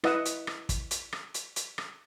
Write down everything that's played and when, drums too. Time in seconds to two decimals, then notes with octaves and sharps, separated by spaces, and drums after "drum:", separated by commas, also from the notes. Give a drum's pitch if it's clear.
0.04 E4 B4 D#5 F#5 D#6 E6, drum: rim click
0.25 drum: hi-hat
0.47 drum: rim click
0.69 drum: kick, hi-hat
0.91 drum: hi-hat
1.12 drum: rim click
1.34 drum: hi-hat
1.56 drum: hi-hat
1.78 drum: rim click